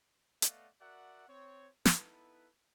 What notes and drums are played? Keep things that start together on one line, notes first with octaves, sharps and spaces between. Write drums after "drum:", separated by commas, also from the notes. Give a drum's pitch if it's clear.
A3 B3 D5 D#5 F5 F#5, drum: hi-hat
F#4 A#4 D5 E5 F#5
C4 C#5
B3 D#4 E4 A4 B4, drum: snare